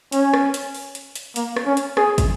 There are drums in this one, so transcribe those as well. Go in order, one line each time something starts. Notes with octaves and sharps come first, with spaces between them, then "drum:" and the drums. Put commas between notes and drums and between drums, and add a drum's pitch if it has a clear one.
C#4, drum: hi-hat
drum: rim click
drum: hi-hat
drum: open hi-hat
drum: hi-hat
drum: hi-hat
A#3, drum: hi-hat
drum: rim click
C#4
drum: hi-hat
G#4, drum: rim click
drum: kick, hi-hat